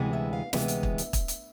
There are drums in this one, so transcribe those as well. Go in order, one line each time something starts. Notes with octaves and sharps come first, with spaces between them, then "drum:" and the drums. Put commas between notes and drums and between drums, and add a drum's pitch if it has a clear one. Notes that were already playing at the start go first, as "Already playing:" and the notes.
Already playing: D2 C3 E3 G#3 B3
E5
F5
D2 C3 E3 G#3 B3 E5, drum: snare
drum: hi-hat
drum: kick
drum: hi-hat
drum: kick, hi-hat
drum: hi-hat